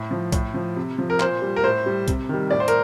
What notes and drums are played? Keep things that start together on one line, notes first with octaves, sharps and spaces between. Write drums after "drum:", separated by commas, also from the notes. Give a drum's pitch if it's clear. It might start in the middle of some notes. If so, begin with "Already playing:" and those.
Already playing: A2
F3
A2, drum: kick B1, hi-hat
F3
C3
F3
A#4
A#2 C5, drum: clap
G3
A#4
A2 C5
G3
C3, drum: kick B1, hi-hat
D#3 G3
A2 D5
C5
A#4, drum: hi-hat